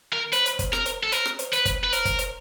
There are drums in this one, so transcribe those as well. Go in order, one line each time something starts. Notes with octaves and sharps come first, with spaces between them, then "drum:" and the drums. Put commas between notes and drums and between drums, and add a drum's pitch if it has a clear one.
A#4
B4, drum: hi-hat
drum: hi-hat
drum: kick, hi-hat
A#4, drum: rim click
drum: hi-hat
A4
A#4, drum: hi-hat
drum: rim click
drum: hi-hat
B4, drum: hi-hat
drum: kick, hi-hat
B4
A#4, drum: hi-hat
drum: kick, hi-hat
drum: hi-hat